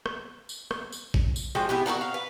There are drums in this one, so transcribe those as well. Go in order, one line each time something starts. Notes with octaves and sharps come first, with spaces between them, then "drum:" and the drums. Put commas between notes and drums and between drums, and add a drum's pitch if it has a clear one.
drum: rim click
drum: tambourine
drum: rim click
drum: tambourine
drum: kick A1
drum: tambourine
F3 G#3 F#4 G5
B3 E4 G4
F#4 A4 A#4 F#5
F5
B4